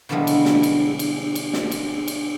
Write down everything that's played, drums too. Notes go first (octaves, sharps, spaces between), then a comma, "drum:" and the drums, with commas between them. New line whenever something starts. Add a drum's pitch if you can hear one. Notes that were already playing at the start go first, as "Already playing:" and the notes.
B2 D3 E3 F3 G3 G#3
drum: cymbal
drum: snare
drum: cymbal
drum: cymbal
drum: cymbal
drum: snare
drum: cymbal
drum: cymbal